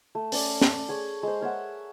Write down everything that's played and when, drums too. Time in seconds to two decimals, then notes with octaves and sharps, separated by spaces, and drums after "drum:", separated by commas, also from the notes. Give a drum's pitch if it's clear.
0.15 A3
0.32 C#4 D5, drum: open hi-hat
0.61 drum: snare
0.89 G#4 C#5 C#6
1.23 G#3 C5
1.41 A#4 C#5 E5 F#5